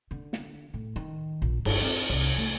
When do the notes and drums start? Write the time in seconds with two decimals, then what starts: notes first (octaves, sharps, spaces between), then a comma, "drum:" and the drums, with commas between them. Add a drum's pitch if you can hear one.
0.11 D3
0.33 drum: snare
0.74 A2
0.96 D#3
1.42 A#1
1.65 G1, drum: cymbal
1.81 C4
2.10 C2
2.37 A3